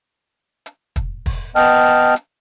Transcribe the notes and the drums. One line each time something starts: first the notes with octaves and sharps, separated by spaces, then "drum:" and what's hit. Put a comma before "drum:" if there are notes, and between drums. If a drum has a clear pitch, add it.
drum: hi-hat
drum: kick, hi-hat
drum: kick, open hi-hat
B3 D#5 G5 A5 F6, drum: hi-hat
drum: hi-hat
drum: hi-hat